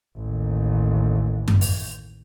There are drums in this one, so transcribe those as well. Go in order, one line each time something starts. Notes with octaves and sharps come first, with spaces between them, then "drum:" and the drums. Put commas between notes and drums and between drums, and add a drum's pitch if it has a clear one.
A1 D#2
drum: tom F#2
drum: open hi-hat